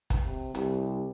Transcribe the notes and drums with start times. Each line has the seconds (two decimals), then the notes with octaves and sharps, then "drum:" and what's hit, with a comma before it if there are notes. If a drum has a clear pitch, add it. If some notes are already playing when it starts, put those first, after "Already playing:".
0.10 drum: kick, hi-hat
0.24 C3
0.55 C2 G4, drum: hi-hat